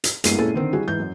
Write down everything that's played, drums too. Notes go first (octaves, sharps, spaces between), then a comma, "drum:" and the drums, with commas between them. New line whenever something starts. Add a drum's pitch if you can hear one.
drum: hi-hat
G1 G#3 A#3 E4 C7 D#7, drum: hi-hat
A#2 G#3 C#4 E4 G#4 A4
D3 D#3 C4
G3 E4 F#4 G#4
G#2 E3 G6
F#2